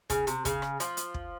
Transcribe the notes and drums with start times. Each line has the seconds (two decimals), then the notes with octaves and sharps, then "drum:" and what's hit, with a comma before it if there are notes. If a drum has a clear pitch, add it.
0.10 C#3, drum: kick, hi-hat
0.27 C3, drum: hi-hat
0.45 C#3, drum: kick, hi-hat
0.62 drum: rim click
0.80 F3, drum: hi-hat
0.97 drum: hi-hat
1.14 drum: kick